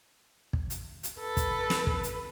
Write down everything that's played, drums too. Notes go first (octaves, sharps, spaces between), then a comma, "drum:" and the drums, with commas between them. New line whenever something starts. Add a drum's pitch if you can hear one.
drum: kick
drum: hi-hat
drum: hi-hat
A4 B4
drum: kick, hi-hat
drum: snare
drum: kick
drum: hi-hat